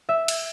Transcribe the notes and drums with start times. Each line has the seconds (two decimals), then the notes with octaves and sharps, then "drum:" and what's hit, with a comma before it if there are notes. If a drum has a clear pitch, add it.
0.09 E5
0.28 drum: cymbal